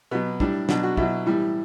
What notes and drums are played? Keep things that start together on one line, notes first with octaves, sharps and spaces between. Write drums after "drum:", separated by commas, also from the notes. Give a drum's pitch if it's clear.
B2 F#3 B3
A2 G3 D4, drum: kick
B2 F#3 D4, drum: snare
F#4
B2 F#3 E4, drum: kick
A2 E3 G3